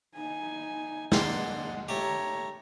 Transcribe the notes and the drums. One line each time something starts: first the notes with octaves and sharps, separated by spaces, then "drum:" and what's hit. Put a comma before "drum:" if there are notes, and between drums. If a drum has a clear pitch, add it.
D#4 G#5
G#3 A#3 D4 F#5 C6, drum: snare
A3 G4 C#5 A#5